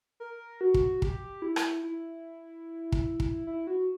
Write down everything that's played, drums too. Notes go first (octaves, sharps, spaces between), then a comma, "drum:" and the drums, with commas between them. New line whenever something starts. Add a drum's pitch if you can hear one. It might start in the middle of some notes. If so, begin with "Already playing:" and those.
A#4
F#4
drum: kick
G4, drum: kick
E4
drum: rim click
E4
drum: kick
drum: kick
E4
F#4